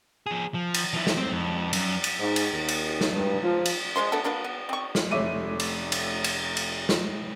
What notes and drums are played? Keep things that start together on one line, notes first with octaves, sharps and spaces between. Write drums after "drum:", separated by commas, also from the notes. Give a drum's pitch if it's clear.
F3 G#4
F3
drum: cymbal
F3 E4
drum: snare
C4
F2
F#2, drum: cymbal
drum: cymbal
G#2
drum: cymbal
D#2
drum: cymbal
drum: snare
G2
F3
drum: cymbal
G#3 D4 C5 C6
A3 B3 D4 A4
A#3 D4 F#4 B4
B3
C4 C#6
drum: snare
F1 A3 C#5 E5 D6 D#7
drum: cymbal
drum: cymbal
drum: cymbal
drum: cymbal
drum: snare